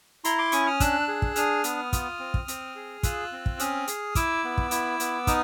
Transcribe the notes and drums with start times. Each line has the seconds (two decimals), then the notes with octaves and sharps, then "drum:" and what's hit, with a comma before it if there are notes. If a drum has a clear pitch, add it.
0.24 E4 A#5 C6, drum: hi-hat
0.38 C6 D6
0.52 C#4 C#6 D#6, drum: hi-hat
0.67 D#6 F6
0.80 D4 E6 F#6, drum: kick, hi-hat
1.08 G#4
1.22 drum: kick
1.36 D4 D#6 F6, drum: hi-hat
1.64 B3, drum: hi-hat
1.93 F4, drum: kick, hi-hat
2.19 C4
2.34 drum: kick
2.48 C4, drum: hi-hat
2.75 G#4
3.03 F4 E6 F#6, drum: kick, hi-hat
3.32 C4
3.46 drum: kick
3.59 C#4 D#6 F6, drum: hi-hat
3.87 G#4, drum: hi-hat
4.15 E4 D6 E6, drum: kick, hi-hat
4.44 B3
4.58 drum: kick
4.71 E4, drum: hi-hat
5.00 B3, drum: hi-hat
5.27 D#4 D#6 F6, drum: kick, hi-hat